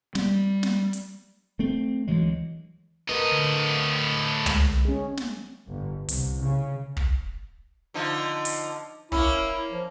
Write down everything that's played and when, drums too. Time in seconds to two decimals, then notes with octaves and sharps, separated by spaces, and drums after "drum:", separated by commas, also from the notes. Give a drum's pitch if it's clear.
0.15 G3, drum: snare
0.63 drum: snare
0.93 drum: hi-hat
1.59 A3 C4
2.07 D2 E3 F#3 G#3
3.09 A2 A#4 B4 D#5
3.32 D3
4.46 G#3, drum: tom
4.85 C#4 G#4
5.17 drum: snare
5.70 G1
6.09 C2, drum: open hi-hat
6.45 C#3
6.97 drum: kick
7.94 D3 F3 D#4
8.45 drum: open hi-hat
9.12 A#3 C#4 E4, drum: kick
9.71 F3